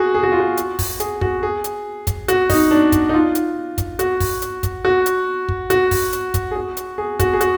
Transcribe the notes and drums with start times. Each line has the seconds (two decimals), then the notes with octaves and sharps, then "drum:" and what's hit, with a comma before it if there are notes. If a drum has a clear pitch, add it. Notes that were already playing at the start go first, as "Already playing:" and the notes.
Already playing: F#4 G#4
0.14 G#4
0.23 F#4
0.32 F4
0.40 F#4
0.57 drum: hi-hat
0.79 drum: kick, open hi-hat
1.00 G#4, drum: hi-hat
1.21 F#4, drum: kick
1.43 G#4
1.64 drum: hi-hat
2.07 drum: kick, hi-hat
2.28 F#4, drum: hi-hat
2.50 D#4, drum: kick, open hi-hat
2.71 D4
2.92 drum: kick, hi-hat
3.09 D#4
3.13 F4
3.35 drum: hi-hat
3.78 drum: kick, hi-hat
3.99 F#4, drum: hi-hat
4.20 drum: kick, open hi-hat
4.42 drum: hi-hat
4.63 drum: kick, hi-hat
4.85 F#4
5.06 drum: hi-hat
5.49 drum: kick
5.70 F#4, drum: hi-hat
5.91 drum: kick, open hi-hat
6.13 drum: hi-hat
6.34 drum: kick, hi-hat
6.51 G#4
6.56 F#4
6.77 drum: hi-hat
6.98 G#4
7.19 F#4, drum: kick, hi-hat
7.33 G#4
7.41 F#4, drum: hi-hat